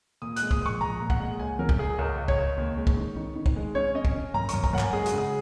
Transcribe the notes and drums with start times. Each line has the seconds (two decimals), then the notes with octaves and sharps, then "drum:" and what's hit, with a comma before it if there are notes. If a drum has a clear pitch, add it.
0.22 A#2 D#6
0.36 F#6, drum: hi-hat
0.42 G#3
0.51 D#6, drum: kick
0.61 A#1 C#6
0.81 A#1 A#5
1.00 A#2
1.10 F#5, drum: kick
1.20 G#3
1.40 C#2 G#5
1.59 F#3 A#4
1.69 drum: kick
1.79 C#2 G#4
1.98 C#2 A#4
2.18 C#2
2.28 C#5, drum: kick
2.38 C#2
2.58 D#2
2.77 G#3
2.87 drum: kick
2.97 D#3
3.16 D#3
3.36 D#3
3.46 drum: kick
3.56 G#3
3.75 C#4 C#5
3.95 C#4 D#5
4.05 drum: kick
4.14 C#4
4.34 F#2 A#5
4.49 F#2 C#6, drum: hi-hat
4.64 A#5, drum: kick
4.73 F#2 F#5
4.79 G#5, drum: clap
4.93 G#3 G#4
5.06 F#4, drum: hi-hat
5.13 C#3
5.18 G#4